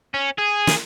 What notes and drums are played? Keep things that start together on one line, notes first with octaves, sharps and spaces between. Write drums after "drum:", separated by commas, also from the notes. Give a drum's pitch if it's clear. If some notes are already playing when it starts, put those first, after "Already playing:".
C#4
G#4
drum: snare